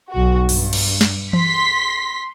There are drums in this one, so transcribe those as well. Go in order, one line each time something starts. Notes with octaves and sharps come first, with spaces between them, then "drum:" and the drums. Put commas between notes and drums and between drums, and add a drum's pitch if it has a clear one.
B1 F#4
G2, drum: open hi-hat
drum: cymbal
drum: snare
C6 B6, drum: tom E3